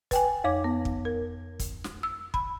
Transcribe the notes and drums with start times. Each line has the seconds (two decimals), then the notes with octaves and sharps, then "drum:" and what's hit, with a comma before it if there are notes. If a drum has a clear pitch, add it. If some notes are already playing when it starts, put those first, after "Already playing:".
0.11 B4 G5 G#5, drum: kick, hi-hat
0.44 F2 C#5 D6
0.64 B3
0.85 drum: kick
1.05 A#4
1.60 drum: kick, hi-hat
1.84 drum: snare
2.03 E6
2.34 B5, drum: kick